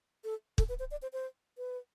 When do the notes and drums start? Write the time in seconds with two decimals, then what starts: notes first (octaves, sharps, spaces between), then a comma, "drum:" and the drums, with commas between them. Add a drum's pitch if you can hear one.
0.24 A4
0.58 A4, drum: kick
0.69 B4
0.79 C5
0.91 D5
1.02 C5
1.13 C5
1.58 B4